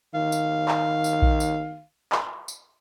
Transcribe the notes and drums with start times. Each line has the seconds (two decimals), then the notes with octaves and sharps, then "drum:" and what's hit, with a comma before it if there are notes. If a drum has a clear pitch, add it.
0.14 D#3 F5
0.32 drum: tambourine
0.68 drum: clap
1.04 drum: tambourine
1.22 drum: kick A#1
1.40 drum: tambourine
2.12 drum: clap
2.48 drum: tambourine